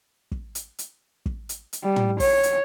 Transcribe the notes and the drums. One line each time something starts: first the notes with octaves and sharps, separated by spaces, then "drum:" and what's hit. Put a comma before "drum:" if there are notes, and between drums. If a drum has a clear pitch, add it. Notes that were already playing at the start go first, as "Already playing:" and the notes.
drum: kick
drum: hi-hat
drum: hi-hat
drum: kick
drum: hi-hat
drum: hi-hat
G3
drum: tom
C#5, drum: kick, open hi-hat
drum: hi-hat